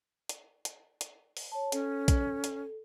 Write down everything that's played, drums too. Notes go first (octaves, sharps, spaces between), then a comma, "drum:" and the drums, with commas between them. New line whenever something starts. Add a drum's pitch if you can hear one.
drum: hi-hat
drum: hi-hat
drum: hi-hat
drum: open hi-hat
C#5 A5
C#4 A4, drum: hi-hat
drum: kick, hi-hat
drum: hi-hat